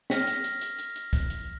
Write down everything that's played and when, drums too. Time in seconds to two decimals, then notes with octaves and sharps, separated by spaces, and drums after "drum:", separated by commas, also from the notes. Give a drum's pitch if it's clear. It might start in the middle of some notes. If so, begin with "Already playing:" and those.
0.10 F6 A#6 B6, drum: snare
0.27 drum: hi-hat
0.44 drum: hi-hat
0.61 drum: hi-hat
0.79 drum: hi-hat
0.96 drum: hi-hat
1.13 drum: kick, hi-hat
1.30 drum: hi-hat